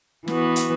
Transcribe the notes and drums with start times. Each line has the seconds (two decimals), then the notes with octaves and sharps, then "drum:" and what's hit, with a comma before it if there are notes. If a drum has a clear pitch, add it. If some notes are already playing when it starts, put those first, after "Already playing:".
0.28 E3 B3 F#4, drum: snare
0.56 drum: hi-hat